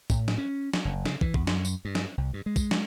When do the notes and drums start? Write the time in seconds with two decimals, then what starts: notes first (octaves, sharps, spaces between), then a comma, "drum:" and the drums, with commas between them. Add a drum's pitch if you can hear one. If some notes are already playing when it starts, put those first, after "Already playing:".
0.10 A2, drum: kick, tambourine
0.28 drum: snare
0.38 C#4
0.73 drum: snare
0.85 F#1
1.06 C#3, drum: snare
1.21 E3, drum: kick
1.34 E2, drum: kick
1.47 F#2, drum: snare
1.65 drum: tambourine
1.85 G2
1.95 drum: snare
2.18 C2
2.33 G2
2.46 G#3
2.56 drum: kick, tambourine
2.71 drum: snare